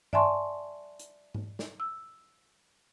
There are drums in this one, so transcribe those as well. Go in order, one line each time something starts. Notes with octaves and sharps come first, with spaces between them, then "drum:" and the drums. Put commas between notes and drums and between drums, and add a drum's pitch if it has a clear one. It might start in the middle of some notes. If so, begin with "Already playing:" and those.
D5 E5 G#5 A5 C6 C#6, drum: tom G2
drum: hi-hat
drum: tom G#2
drum: snare
E6